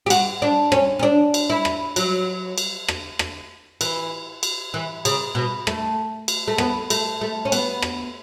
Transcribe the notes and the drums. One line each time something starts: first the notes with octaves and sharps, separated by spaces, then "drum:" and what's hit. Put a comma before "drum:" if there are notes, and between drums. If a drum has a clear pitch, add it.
G4
F#4, drum: cymbal
D4
C#4, drum: rim click
C#4
D4
drum: cymbal
E4
drum: rim click
F#3, drum: cymbal
drum: cymbal
drum: rim click
drum: rim click
E3, drum: cymbal
drum: cymbal
E3
C#3, drum: cymbal
B2
A3, drum: rim click
drum: cymbal
A3
B3, drum: rim click
A3, drum: cymbal
A3
C#4
B3, drum: cymbal
drum: rim click